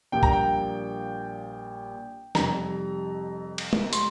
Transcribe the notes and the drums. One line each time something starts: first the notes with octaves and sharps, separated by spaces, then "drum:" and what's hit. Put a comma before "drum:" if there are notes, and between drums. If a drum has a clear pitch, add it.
A#1 A#2 G3 G5
A#5, drum: kick B1
G5
F2 C3 G3 D#4 A#5, drum: snare
drum: cymbal
drum: tom G#3
C6, drum: hi-hat